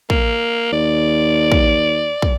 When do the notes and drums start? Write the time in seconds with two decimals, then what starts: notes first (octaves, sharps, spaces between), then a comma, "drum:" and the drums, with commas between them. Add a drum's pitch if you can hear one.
0.10 A#3, drum: kick
0.72 D#2 D5
1.52 drum: kick
2.22 drum: kick